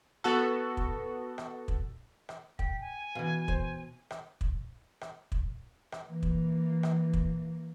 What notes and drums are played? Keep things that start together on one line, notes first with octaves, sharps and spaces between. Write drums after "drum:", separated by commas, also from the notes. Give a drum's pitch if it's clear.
B3 F#4 A4
drum: kick
drum: rim click
drum: kick
drum: rim click
G5 B6, drum: kick
G#5
B2 E3 B4 F5
C5, drum: kick
drum: rim click
drum: kick
drum: rim click
drum: kick
drum: rim click
E3 A#3
drum: kick
drum: rim click
drum: kick